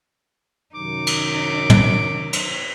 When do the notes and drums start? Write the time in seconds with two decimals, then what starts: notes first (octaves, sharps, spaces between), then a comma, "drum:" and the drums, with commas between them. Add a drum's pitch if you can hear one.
0.75 F#2 C3 D#3 F#3 D#4 D6
1.07 drum: cymbal
1.70 drum: tom
2.33 drum: cymbal